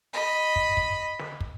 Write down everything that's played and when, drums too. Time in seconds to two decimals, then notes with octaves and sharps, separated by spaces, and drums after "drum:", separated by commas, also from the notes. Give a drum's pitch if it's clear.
0.13 D#5 B5
0.56 drum: kick
0.77 drum: kick
1.19 drum: snare
1.41 drum: kick